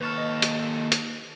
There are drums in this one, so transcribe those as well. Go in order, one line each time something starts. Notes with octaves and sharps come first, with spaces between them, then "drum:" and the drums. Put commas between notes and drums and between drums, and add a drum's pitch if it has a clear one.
D#2 A4 B4 C#6 F6
D#5
drum: hi-hat
drum: hi-hat